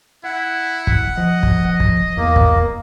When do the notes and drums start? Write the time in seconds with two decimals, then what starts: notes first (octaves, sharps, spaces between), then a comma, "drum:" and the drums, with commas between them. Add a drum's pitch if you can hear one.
0.24 E4 F#5
0.87 drum: kick
1.17 F3 D#5
1.43 drum: kick
1.80 drum: kick
2.17 E2 A#3
2.36 drum: kick